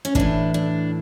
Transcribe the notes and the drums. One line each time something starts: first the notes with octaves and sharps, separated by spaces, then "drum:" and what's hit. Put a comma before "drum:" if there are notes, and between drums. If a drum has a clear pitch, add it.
C#4
A2 E3 D4, drum: kick
D4